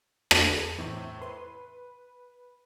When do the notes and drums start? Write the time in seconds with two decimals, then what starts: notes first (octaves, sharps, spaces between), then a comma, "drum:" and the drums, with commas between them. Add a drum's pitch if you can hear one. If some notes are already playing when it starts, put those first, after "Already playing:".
0.31 drum: rim click
0.50 G#4 B4 D5
0.79 E2 A2 C3 E3
1.21 B4 C6